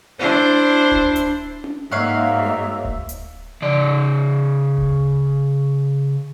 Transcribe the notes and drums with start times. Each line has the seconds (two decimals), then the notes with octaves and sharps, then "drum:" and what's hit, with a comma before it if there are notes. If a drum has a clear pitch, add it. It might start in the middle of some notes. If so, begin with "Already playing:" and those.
0.19 D4 E4 C5
0.92 drum: kick D1
1.16 drum: hi-hat
1.64 drum: tom C#4
1.91 G#2 A#3 D#4 F#4 C#5 E5 F5
2.85 drum: kick D1
3.09 drum: hi-hat
3.62 C#3 D5
4.78 drum: kick D1